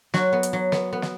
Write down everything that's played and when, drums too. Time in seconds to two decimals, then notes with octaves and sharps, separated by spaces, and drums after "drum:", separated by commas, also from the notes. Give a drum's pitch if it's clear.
0.14 F#3 F#4, drum: snare
0.33 B3
0.43 drum: hi-hat
0.53 F#3
0.72 B3, drum: snare
0.93 B3
1.02 drum: snare